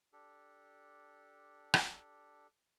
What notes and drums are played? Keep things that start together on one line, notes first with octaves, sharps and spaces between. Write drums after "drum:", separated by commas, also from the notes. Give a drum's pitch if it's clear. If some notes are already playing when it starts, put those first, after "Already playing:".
D4 G4 A4
drum: rim click